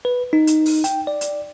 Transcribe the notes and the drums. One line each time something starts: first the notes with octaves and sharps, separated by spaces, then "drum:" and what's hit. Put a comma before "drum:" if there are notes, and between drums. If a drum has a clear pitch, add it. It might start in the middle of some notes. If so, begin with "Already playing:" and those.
B4
D#4
drum: hi-hat
drum: open hi-hat
G5, drum: hi-hat
D5
drum: hi-hat